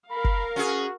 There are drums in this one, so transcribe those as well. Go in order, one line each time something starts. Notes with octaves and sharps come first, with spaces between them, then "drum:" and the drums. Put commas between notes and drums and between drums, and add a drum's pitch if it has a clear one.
A#4 F5 B5
drum: kick F#1
C#4 F#4 G#4